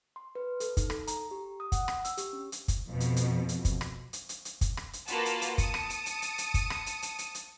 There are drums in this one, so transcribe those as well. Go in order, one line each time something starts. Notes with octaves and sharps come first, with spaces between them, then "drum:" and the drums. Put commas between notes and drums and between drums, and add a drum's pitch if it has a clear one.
C6
B4
A4, drum: hi-hat
D#4, drum: kick, hi-hat
A4, drum: rim click
A#5, drum: hi-hat
G4
D#6
F#5, drum: kick, hi-hat
drum: rim click
E6, drum: hi-hat
G4, drum: hi-hat
C#4
drum: hi-hat
drum: kick, hi-hat
F2 B2
drum: hi-hat
drum: hi-hat
drum: hi-hat
drum: kick, hi-hat
drum: rim click
drum: hi-hat
drum: hi-hat
drum: hi-hat
drum: kick, hi-hat
drum: rim click
drum: hi-hat
A#3 F4 F#4 B4 A5, drum: hi-hat
drum: hi-hat
drum: hi-hat
A5 D#6 C#7, drum: kick, hi-hat
drum: rim click
drum: hi-hat
drum: hi-hat
drum: hi-hat
drum: hi-hat
drum: kick, hi-hat
drum: rim click
drum: hi-hat
drum: hi-hat
drum: hi-hat
drum: hi-hat